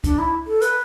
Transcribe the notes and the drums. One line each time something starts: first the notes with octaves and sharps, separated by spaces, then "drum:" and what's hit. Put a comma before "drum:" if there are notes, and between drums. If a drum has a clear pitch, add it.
D4, drum: kick C2, hi-hat
E4
A4
B4, drum: hi-hat